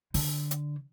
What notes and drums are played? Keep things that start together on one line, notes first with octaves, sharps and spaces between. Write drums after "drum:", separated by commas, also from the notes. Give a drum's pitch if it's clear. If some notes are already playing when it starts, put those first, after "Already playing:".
D3, drum: open hi-hat
drum: hi-hat